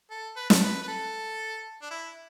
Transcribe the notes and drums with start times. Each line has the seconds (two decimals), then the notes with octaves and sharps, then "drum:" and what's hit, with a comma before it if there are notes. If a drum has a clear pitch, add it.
0.11 A4
0.36 B4
0.50 A4, drum: snare
0.64 B4
0.83 B4
0.88 A4
1.82 D4
1.91 E4